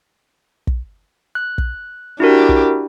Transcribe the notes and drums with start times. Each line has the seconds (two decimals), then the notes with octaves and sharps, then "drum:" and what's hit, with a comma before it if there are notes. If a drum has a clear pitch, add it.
0.67 drum: kick
1.35 F#6
1.58 drum: kick
2.20 D4 E4 F#4 G4 A#4
2.49 drum: kick